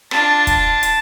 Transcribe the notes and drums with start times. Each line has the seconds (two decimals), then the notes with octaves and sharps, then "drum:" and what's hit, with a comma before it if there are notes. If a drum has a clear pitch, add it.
0.11 D4 F4 A5, drum: rim click
0.47 drum: kick, hi-hat
0.83 drum: hi-hat